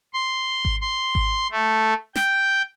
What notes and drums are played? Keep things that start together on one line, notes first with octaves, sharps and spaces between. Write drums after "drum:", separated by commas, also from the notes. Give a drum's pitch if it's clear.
C6
drum: kick G#1
C6
drum: kick G#1
A3
G5, drum: snare